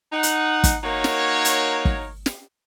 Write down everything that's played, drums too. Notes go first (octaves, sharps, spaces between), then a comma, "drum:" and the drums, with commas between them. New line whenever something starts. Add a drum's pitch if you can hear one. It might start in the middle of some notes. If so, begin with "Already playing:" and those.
D#4 F#5
drum: hi-hat
drum: kick, hi-hat
A#3 D#4 F#4 A#4 C#5
drum: snare
drum: hi-hat
drum: kick
drum: snare